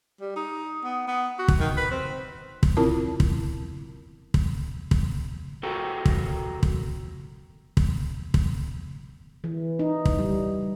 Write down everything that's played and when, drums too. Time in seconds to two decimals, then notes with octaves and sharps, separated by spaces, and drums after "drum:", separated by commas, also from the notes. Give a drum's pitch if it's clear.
0.21 G3
0.36 D#4
0.84 B3
1.07 B3
1.39 F#4
1.48 drum: kick
1.59 D#3
1.77 B4
1.91 C4
2.63 drum: kick
2.77 C4 E4 F4 A#4 A5
3.20 drum: kick
4.34 drum: kick
4.91 drum: kick
5.63 F#4 A4 A#4 G5
6.05 drum: kick
6.63 drum: kick
7.77 drum: kick
8.34 drum: kick
9.44 E3
9.79 D#4
10.05 drum: kick
10.19 G3